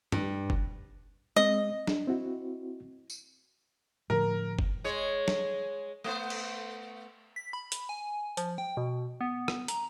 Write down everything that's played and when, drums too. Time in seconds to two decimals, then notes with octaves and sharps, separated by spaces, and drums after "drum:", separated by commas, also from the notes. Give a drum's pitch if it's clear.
0.12 G2, drum: tom G2
0.50 drum: kick
1.36 G#3 C4 D#5
1.87 D4, drum: snare
2.07 C4 E4 F#4
3.10 drum: tambourine
4.10 A2 D3 F3 A#4
4.59 drum: kick
4.84 G#3 C#5
5.28 drum: snare
6.04 A3 B3 C5
6.30 drum: cymbal
7.36 B6
7.53 B5
7.72 drum: hi-hat
7.89 G#5
8.37 F3, drum: hi-hat
8.58 G5
8.77 B2
9.21 B3
9.48 drum: rim click
9.68 A#5, drum: hi-hat